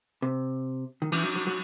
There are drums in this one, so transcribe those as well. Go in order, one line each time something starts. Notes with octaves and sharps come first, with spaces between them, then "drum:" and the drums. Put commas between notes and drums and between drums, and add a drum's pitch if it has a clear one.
C3
D#3
E3, drum: cymbal
F#3
F#3
F#3